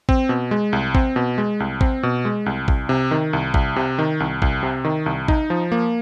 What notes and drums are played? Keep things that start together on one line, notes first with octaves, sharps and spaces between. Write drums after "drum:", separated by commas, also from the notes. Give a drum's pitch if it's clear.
C4, drum: kick A1
B2
G#3
C2
C4, drum: kick A1
B2
G#3
C2
C4, drum: kick A1
B2
G#3
C2
C2, drum: kick A1
C3
D#3
C2
C2, drum: kick A1
C3
D#3
C2
C2, drum: kick A1
C3
D#3
C2
D#4, drum: kick A1
F3
A#3